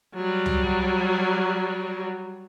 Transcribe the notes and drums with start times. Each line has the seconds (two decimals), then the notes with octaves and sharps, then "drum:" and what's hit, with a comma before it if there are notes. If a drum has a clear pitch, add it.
0.14 F#3 G3
0.46 drum: tom